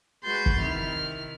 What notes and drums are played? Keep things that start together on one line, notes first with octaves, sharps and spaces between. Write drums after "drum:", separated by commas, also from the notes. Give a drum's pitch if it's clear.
G#3 F#4 B4 C6 G6 A6
drum: kick
C3 D#3 E4 F6